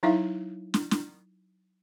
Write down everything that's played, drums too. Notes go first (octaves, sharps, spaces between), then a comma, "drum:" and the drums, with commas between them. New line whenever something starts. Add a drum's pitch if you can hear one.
F#3 D#4 E4 E5 F5
drum: snare
drum: snare